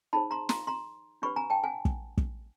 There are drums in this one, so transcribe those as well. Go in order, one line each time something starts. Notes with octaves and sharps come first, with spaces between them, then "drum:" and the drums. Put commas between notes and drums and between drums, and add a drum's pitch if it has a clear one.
D#4 G#4 C5 A5 B5
A#5 C6
A#5 C6, drum: snare
A#5 C6
D4 G4 B4 B5 C#6
G#5 A#5
G5 A5
F#5 G#5
drum: kick
drum: kick